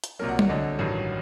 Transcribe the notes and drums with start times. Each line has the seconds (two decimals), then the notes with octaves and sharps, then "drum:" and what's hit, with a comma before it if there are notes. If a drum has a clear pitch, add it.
0.04 drum: hi-hat
0.19 C2 A#2 F#3 A#4
0.29 F#5
0.39 F#5, drum: tom G3
0.49 D2 D3 F#3 D#5
0.78 A1 G2 D#3 F#3